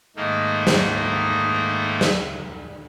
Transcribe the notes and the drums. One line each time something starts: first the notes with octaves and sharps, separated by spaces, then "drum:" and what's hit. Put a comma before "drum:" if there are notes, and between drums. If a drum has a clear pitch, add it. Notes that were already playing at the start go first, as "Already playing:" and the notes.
G#2 D#3 A3 A#3 D#4
drum: snare
drum: snare